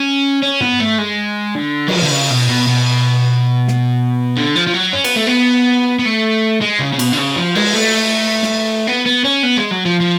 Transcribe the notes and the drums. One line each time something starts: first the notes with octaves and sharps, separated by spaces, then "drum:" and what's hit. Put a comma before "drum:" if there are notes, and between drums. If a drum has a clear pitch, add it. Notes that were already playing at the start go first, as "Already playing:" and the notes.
Already playing: C#4
C#4
B3, drum: tom
A3
G#3
D3
F#3, drum: cymbal
F3
D3
C#3
B2
B2
B2
drum: snare
D3
F3
F3
F#3
C#4
B3, drum: cymbal
A3
B3
B3
A3
G#3
C#3
C#3
B2, drum: cymbal
D3
C#3
F3
G#3, drum: cymbal
A3
drum: snare
B3
B3
C#4
B3
G#3
F#3
F3
F3